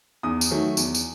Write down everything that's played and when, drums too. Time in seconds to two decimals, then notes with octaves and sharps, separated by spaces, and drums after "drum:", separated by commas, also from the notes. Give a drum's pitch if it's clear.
0.23 E2 D#6
0.41 drum: tambourine
0.50 D#3 F#3 A3
0.77 E2, drum: tambourine
0.95 drum: tambourine